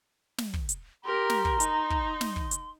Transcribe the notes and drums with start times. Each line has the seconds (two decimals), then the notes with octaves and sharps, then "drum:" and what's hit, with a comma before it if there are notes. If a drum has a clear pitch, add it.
0.38 drum: snare
0.54 drum: kick
0.69 drum: hi-hat
1.05 G4 A#4 A#5 C6
1.30 drum: snare
1.45 drum: kick
1.60 D#4, drum: hi-hat
1.90 drum: kick
2.21 drum: snare
2.36 drum: kick
2.51 drum: hi-hat